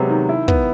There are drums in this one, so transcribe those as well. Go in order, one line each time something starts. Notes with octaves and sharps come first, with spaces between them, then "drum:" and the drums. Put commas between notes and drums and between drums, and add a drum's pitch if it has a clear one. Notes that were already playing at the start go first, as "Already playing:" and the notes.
Already playing: C3 F#3 G#3 B3
D#3
E4
B3, drum: kick